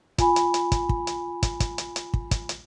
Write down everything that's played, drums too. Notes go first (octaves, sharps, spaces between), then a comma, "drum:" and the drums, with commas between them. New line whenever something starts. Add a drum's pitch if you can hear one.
F4 G#5 B5, drum: kick, hi-hat
drum: hi-hat
drum: hi-hat
drum: kick, hi-hat
drum: kick
drum: hi-hat
drum: kick, hi-hat
drum: kick, hi-hat
drum: hi-hat
drum: hi-hat
drum: kick
drum: kick, hi-hat
drum: hi-hat